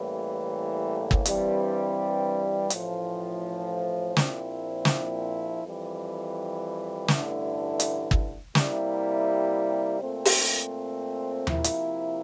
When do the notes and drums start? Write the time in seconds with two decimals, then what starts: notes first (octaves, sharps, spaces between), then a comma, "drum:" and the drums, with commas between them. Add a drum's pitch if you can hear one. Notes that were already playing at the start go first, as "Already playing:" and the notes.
Already playing: A1 A2 E3 G3 A#3
1.11 drum: kick
1.25 G2 E3 G3 C4, drum: hi-hat
2.70 A1 A2 F3, drum: hi-hat
4.17 A#1 A#2 F3 C4 E4, drum: snare
4.85 drum: snare
5.63 F2 E3 G3
7.08 A1 G2 D3 A3 E4, drum: snare
7.80 drum: hi-hat
8.11 drum: kick
8.55 C3 G3 A#3 E4, drum: snare
10.01 A#2 A3 C4
10.25 drum: open hi-hat
11.47 C3 F3 A#3 E4, drum: tom D#2
11.64 drum: hi-hat